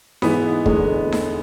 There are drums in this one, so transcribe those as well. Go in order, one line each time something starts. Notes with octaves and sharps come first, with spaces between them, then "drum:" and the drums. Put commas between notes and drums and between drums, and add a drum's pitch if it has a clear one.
G#2 E3 G#3 B3, drum: snare D#4
E2 D3 G#3, drum: kick
drum: snare D#4